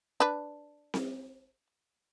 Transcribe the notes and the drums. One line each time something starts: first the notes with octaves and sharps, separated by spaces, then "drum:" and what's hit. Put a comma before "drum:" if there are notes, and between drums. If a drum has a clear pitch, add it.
D4 B4
drum: snare C4